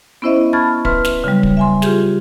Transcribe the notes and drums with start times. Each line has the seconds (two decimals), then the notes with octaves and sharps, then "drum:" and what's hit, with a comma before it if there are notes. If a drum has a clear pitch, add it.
0.22 B3 C#4 E4 C5 D#5 E5
0.53 A5 B5 C#6 F6 G#6 A6
0.85 B4 E5 C6 F6, drum: kick
1.05 drum: snare
1.24 C#3 F#3 G3
1.43 drum: kick
1.57 E5 G#5 C6
1.82 F4 G4 G#4, drum: snare